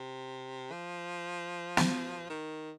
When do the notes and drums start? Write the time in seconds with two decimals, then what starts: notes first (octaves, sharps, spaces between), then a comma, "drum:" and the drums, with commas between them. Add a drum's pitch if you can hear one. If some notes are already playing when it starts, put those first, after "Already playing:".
Already playing: C3
0.72 F3
1.77 drum: snare
2.30 D#3